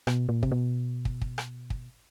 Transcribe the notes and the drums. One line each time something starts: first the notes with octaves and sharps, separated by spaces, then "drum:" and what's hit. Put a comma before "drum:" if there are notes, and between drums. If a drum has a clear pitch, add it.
B2, drum: rim click
A#2
C3, drum: kick
B2
drum: kick
drum: kick
drum: rim click
drum: kick